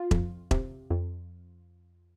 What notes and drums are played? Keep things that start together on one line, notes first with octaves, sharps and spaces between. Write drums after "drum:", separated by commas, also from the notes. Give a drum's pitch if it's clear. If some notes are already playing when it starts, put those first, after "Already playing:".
Already playing: F4
F2, drum: kick E1
C3, drum: kick E1
F2